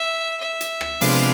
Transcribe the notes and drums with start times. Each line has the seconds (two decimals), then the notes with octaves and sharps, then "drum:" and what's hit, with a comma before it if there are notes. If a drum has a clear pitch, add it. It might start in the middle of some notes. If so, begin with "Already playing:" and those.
Already playing: E5
0.40 E5
0.61 drum: hi-hat
0.81 drum: rim click
1.01 C3 F3 G#3 B3 D4 F5, drum: open hi-hat